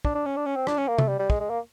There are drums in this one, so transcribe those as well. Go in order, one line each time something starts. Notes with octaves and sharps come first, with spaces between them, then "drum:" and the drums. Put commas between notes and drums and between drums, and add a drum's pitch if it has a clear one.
D4, drum: kick
D4
C#4
D4
C#4
C4
D4, drum: rim click
C#4
A#3
A3, drum: tom C3
G3
G3
G#3, drum: kick
G#3
A#3